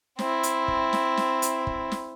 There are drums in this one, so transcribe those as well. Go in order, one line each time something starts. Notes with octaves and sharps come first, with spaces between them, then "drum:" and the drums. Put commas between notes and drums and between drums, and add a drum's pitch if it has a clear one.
C4 E4, drum: snare
drum: hi-hat
drum: kick
drum: snare
drum: snare
drum: hi-hat
drum: kick
drum: snare